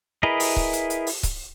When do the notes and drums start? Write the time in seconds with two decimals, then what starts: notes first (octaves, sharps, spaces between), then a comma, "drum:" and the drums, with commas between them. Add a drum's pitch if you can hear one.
0.23 E4 G#4 A#4 B4 D#5
0.40 drum: open hi-hat
0.56 drum: kick C#1
0.73 drum: hi-hat
0.90 drum: hi-hat
1.07 drum: open hi-hat
1.23 drum: kick C#1, hi-hat